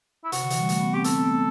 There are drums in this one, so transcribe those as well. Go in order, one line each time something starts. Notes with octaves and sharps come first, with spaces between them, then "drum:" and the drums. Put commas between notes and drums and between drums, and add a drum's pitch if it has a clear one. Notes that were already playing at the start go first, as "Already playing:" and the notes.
E4
C3 F#4, drum: hi-hat
D3
E3, drum: hi-hat
G3
A3, drum: hi-hat
B3
C4 G4
C4 A4, drum: hi-hat
B3
A3